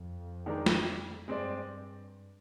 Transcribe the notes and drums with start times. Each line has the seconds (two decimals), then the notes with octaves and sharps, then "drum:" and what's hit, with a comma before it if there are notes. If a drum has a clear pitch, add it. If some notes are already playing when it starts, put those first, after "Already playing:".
Already playing: F2
0.46 D#3 G#3 D4 G4 A#4
0.66 drum: snare
1.27 G2 G#3 C4 G4 D5